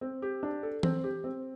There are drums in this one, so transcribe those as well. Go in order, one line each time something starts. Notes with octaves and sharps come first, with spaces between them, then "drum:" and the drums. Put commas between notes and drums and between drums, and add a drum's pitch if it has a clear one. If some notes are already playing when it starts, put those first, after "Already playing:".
C4
G4
D4
A4
C4, drum: tom E3
G4
C4